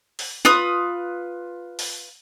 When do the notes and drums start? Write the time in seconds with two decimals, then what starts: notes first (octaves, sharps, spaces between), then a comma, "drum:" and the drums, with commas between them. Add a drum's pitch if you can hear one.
0.19 drum: open hi-hat
0.45 F4 B4 D#6, drum: snare
1.79 drum: open hi-hat